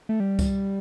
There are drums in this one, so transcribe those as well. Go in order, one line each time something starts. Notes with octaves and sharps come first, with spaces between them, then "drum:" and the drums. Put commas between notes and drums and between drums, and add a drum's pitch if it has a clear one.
A3
G3
drum: kick C2, tambourine